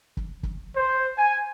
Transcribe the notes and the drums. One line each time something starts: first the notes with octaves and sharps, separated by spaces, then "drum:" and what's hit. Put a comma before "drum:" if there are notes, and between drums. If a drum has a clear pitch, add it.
drum: kick
drum: kick
C5
G#5